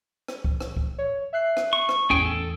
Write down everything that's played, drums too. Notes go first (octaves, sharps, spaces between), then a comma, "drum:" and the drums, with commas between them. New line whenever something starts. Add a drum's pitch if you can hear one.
drum: rim click
drum: kick
drum: rim click
drum: kick
C#5
E5 F#6 C7
drum: rim click
C#6
drum: rim click
A1 E2 C#4 G#4 G5
A4